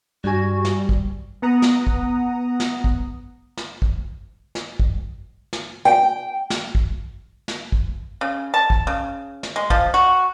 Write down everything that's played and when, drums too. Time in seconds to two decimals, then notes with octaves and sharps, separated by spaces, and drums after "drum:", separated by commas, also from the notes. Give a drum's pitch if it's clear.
0.24 G2 G3 F#4 G#5
0.65 drum: snare
0.89 drum: kick
1.42 B3 F#5 A#5 D#6
1.62 drum: snare
1.87 drum: kick
2.60 drum: snare
2.84 drum: kick
3.58 drum: snare
3.82 drum: kick
4.55 drum: snare
4.80 drum: kick
5.53 drum: snare
5.85 G5
6.50 drum: snare
6.75 drum: kick
7.48 drum: snare
7.72 drum: kick
8.21 C#3
8.54 A5
8.70 drum: kick
8.87 C#3
9.43 drum: snare
9.56 G#3
9.70 F3, drum: kick
9.94 F#4